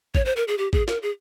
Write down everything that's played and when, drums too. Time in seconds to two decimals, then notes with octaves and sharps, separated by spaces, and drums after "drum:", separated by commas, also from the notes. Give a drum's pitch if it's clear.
0.15 C#5, drum: kick A1
0.25 C5
0.36 A#4
0.48 G#4
0.58 G4
0.73 G#4, drum: kick A1
0.88 A#4, drum: snare
1.02 G#4